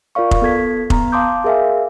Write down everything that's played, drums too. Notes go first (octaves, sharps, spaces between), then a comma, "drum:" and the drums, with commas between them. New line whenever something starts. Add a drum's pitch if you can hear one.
F4 A#4 D5 F5 C#6
drum: kick F1
B3 A4 G#6 B6
B3 A#5, drum: kick F1
F5 A5 C6 D6 D#6 G6
G#4 A#4 E5 F5 G#5